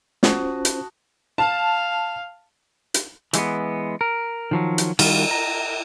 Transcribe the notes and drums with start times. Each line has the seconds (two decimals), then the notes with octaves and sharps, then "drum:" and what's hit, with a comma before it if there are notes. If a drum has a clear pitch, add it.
0.23 C#4 F4 F#4 C5 A5 D#6, drum: snare
0.65 drum: hi-hat
1.38 F5 A5
2.94 drum: hi-hat
3.33 E3 G#3 A#3 B3, drum: hi-hat
4.01 A#4
4.51 D#3 F3 F#3
4.78 drum: hi-hat
4.99 D#3 G3 F4 F#4, drum: cymbal
5.31 A#5